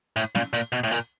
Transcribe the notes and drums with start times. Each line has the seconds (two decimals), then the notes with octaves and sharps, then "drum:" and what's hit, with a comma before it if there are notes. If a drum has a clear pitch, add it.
0.16 A2, drum: hi-hat
0.35 A#2, drum: snare
0.53 A#2, drum: hi-hat
0.72 B2
0.84 A2
0.91 A#2, drum: hi-hat